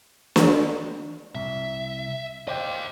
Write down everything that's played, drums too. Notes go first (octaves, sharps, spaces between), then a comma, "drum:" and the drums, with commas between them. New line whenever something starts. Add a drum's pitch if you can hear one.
drum: snare
C2 E5
C5 D5 D#5 F5 G5